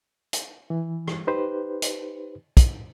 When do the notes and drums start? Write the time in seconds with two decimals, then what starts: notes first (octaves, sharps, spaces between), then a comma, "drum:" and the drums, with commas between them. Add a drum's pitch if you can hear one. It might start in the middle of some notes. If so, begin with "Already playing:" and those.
0.33 drum: hi-hat
0.70 E3
1.08 drum: rim click
1.27 D#4 G4 B4 C5
1.82 drum: hi-hat
2.57 drum: kick, hi-hat